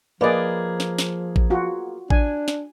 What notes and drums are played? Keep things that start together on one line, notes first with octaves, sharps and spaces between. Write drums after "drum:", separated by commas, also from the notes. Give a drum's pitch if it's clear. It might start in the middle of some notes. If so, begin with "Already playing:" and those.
F3 A#3 G#4 B4 D5 D#5
drum: snare
drum: snare
drum: kick A1
F4 F#4
D4 G#5, drum: kick A1
drum: snare